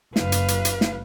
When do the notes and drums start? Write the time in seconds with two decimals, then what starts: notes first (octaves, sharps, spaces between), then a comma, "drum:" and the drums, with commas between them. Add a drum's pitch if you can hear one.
0.16 F#1 B4 F5, drum: snare
0.32 drum: hi-hat
0.48 drum: hi-hat
0.65 drum: hi-hat
0.81 drum: snare